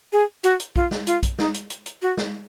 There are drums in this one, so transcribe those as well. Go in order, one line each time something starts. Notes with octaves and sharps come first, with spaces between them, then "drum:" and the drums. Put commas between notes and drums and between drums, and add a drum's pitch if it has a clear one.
G#4
F#4, drum: hi-hat
drum: hi-hat
F4, drum: kick
drum: snare
F4, drum: hi-hat
drum: kick, hi-hat
D#4, drum: snare
drum: hi-hat
drum: hi-hat
drum: hi-hat
F#4
drum: snare